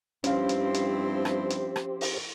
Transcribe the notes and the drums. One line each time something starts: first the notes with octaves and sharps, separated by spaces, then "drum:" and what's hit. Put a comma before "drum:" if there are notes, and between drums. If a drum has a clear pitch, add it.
G2 F3 C4 C#4 E4 G4 C5 F5, drum: hi-hat
drum: hi-hat
drum: hi-hat
drum: rim click
drum: hi-hat
drum: rim click
drum: open hi-hat